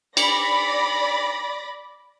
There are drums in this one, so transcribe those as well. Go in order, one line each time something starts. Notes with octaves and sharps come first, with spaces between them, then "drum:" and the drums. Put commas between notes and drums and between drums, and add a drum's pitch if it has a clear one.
D5 B5 A#6, drum: cymbal